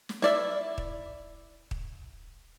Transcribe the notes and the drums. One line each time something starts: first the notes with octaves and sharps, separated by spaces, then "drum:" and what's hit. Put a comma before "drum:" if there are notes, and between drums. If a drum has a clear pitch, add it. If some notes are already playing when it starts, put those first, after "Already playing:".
drum: snare
E4 D5 E5, drum: snare
drum: kick
drum: kick